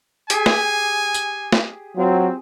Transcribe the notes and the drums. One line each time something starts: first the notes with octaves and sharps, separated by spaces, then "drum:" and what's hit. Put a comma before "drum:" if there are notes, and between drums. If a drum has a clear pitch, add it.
G4 G#4 G#5, drum: hi-hat
drum: snare
drum: tambourine
drum: snare
F#3 C4 F4